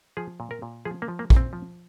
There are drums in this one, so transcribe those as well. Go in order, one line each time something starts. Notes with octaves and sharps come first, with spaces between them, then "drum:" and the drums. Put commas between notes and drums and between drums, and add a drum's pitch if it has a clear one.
F3 G#4
A#2
A#4
A#2
F3 G#4
A#3
F3
A#3
A#2, drum: kick
C4
F3